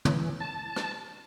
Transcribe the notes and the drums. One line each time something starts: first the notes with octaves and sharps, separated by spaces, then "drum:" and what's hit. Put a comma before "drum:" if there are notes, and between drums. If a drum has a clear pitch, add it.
E3, drum: tom
A5
drum: rim click